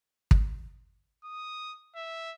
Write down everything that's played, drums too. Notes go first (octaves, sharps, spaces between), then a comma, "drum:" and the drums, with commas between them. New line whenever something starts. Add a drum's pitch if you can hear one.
drum: kick
D#6
E5